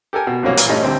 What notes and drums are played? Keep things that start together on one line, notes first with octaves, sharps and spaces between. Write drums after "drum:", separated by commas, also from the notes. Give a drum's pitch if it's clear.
G4 A4 A#4 G#5
B2
C2 G2 F3 F#3 A#3 C#5
A#2 E3, drum: hi-hat
G2 A3 C#4 D#4
D2 G3 C4